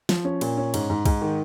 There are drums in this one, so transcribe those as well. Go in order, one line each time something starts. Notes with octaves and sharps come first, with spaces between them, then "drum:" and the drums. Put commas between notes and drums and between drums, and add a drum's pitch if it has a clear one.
F3, drum: snare
C#4
A#2, drum: cymbal
C#4
G#2, drum: cymbal
G#2
G#2, drum: kick, cymbal
D#3